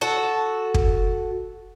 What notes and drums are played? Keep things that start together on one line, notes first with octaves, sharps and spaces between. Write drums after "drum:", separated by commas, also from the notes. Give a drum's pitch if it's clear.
F#4 A4
drum: kick